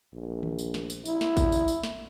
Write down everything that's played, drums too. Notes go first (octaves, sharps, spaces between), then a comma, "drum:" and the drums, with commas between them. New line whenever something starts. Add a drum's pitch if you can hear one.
A#1
drum: tom D#3
drum: tambourine
drum: snare
drum: tambourine
E4, drum: tambourine
drum: snare
drum: kick A1, tambourine
drum: tambourine
drum: tambourine
drum: snare